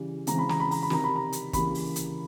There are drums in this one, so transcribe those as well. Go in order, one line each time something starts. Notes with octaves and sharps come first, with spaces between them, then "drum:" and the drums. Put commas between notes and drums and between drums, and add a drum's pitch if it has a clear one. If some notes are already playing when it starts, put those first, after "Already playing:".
Already playing: C#3 E3 G3
C#3 E3 G#3 C4 A#5, drum: hi-hat
B5
A#5, drum: snare
B5
A#5, drum: open hi-hat
B5
C3 D#3 G3 A#5, drum: snare
B5
A#5
drum: hi-hat
C#3 E3 G3 A#3 B5, drum: kick, hi-hat
drum: open hi-hat
drum: hi-hat